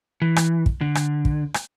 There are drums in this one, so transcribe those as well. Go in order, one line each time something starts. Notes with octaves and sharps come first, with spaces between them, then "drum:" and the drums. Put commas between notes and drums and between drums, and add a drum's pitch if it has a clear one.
E3
drum: rim click
drum: kick
D3
drum: rim click
drum: kick
drum: rim click